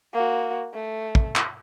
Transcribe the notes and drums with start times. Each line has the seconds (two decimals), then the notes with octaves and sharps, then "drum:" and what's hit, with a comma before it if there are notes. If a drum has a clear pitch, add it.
0.14 A#3 F#4
0.74 A3
1.15 drum: kick
1.36 drum: clap